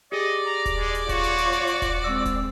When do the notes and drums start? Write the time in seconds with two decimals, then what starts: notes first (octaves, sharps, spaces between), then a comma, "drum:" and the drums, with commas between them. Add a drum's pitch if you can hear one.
0.12 G4 G#4 D5 D#5
0.46 A#5
0.66 drum: kick D#1, hi-hat
0.77 G#3
0.95 drum: hi-hat
1.09 F4 F#4 C#5, drum: kick D#1, hi-hat
1.24 drum: hi-hat
1.38 drum: hi-hat
1.53 drum: hi-hat
1.67 drum: hi-hat
1.82 drum: kick D#1, hi-hat
2.04 G#3 C4 E6
2.25 drum: kick D#1, hi-hat